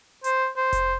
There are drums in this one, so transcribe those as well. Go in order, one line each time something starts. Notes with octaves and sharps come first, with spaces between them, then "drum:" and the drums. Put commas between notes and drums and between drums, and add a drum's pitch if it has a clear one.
C5, drum: hi-hat
C5
drum: kick F1, hi-hat